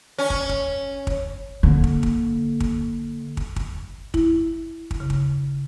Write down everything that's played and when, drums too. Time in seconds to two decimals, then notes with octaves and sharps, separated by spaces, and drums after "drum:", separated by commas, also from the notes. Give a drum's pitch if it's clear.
0.18 C#4
0.30 drum: kick
0.49 drum: kick
1.07 drum: kick
1.63 D3 A#3
1.84 drum: kick
2.03 drum: kick
2.60 drum: kick
3.37 drum: kick
3.56 drum: kick
4.14 E4, drum: kick
4.91 drum: kick
5.00 C#3
5.10 drum: kick